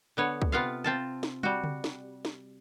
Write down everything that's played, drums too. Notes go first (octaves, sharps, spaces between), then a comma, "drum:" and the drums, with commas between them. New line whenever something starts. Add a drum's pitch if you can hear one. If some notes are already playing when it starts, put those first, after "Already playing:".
D3 B3 C#5
drum: kick
C3 B3 F4 F5
C4 F4 A5
drum: snare
G3 F#4, drum: tom
drum: tom C#3
drum: snare
drum: snare